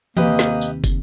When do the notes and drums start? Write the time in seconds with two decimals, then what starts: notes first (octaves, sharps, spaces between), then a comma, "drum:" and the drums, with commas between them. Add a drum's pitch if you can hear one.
0.17 D#2 C3 A#3 G4 B4 D#5, drum: tom E3
0.39 drum: snare
0.61 drum: tambourine
0.84 drum: kick, tambourine